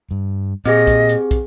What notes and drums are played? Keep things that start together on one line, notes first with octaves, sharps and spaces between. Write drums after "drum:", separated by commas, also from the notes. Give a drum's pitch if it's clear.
G2
A#2 C4 G4 G#4 D#5, drum: hi-hat
drum: kick, hi-hat
drum: hi-hat
drum: kick, hi-hat